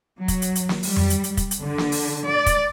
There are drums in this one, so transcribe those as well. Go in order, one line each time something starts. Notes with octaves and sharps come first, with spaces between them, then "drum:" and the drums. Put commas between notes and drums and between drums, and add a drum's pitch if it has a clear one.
F#3
drum: kick, hi-hat
drum: hi-hat
drum: hi-hat
drum: snare
G3, drum: open hi-hat
drum: tom F2
drum: hi-hat
drum: hi-hat
drum: kick, hi-hat
drum: hi-hat
D3
drum: snare
drum: open hi-hat
D5
drum: kick, hi-hat